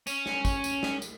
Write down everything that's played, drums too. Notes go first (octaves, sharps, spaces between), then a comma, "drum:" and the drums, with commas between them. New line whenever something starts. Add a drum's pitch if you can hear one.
C#4, drum: tambourine
drum: snare
drum: kick, tambourine
drum: tambourine
drum: snare
drum: tambourine